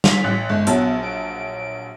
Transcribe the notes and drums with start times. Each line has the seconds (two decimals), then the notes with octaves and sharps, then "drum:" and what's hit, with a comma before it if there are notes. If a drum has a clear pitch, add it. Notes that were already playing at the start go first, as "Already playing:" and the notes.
0.04 B6 F7, drum: snare
0.24 A1 F#6
0.49 G1 G#3
0.67 A#1 F#3 B3 A5, drum: hi-hat
1.03 D7